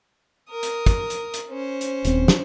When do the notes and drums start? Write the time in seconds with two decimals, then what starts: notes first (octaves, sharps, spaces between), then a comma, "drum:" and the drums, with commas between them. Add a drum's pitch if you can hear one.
0.51 A#4 D#6
0.63 drum: hi-hat
0.86 drum: kick, hi-hat
1.10 drum: hi-hat
1.34 drum: hi-hat
1.50 C#4 C5
1.81 drum: hi-hat
2.05 D#1 C4, drum: hi-hat
2.28 drum: snare